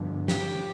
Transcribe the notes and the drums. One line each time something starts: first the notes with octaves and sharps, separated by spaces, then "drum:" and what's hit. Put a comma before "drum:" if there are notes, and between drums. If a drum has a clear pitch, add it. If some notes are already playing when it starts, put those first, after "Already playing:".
Already playing: G2 D3 F3
G4, drum: snare